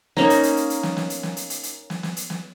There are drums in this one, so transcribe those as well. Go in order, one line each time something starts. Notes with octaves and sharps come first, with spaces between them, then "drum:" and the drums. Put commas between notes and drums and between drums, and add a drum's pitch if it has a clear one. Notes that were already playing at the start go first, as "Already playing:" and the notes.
A#3 C#4 D#4, drum: snare
drum: hi-hat
drum: hi-hat
drum: hi-hat
drum: hi-hat
drum: snare
drum: snare
drum: hi-hat
drum: snare
drum: hi-hat
drum: hi-hat
drum: hi-hat
drum: snare
drum: snare
drum: hi-hat
drum: snare